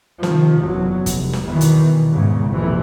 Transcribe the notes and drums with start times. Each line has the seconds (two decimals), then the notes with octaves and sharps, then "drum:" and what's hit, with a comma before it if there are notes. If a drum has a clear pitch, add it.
0.23 C3 D#3 F3, drum: snare
0.60 F#1 E2 F#3
1.06 F1, drum: kick, hi-hat
1.33 drum: snare
1.46 E2 B2 D#3 E3
1.61 drum: hi-hat
2.11 E2 G#2 C#3
2.51 A#1 F2 C3 E3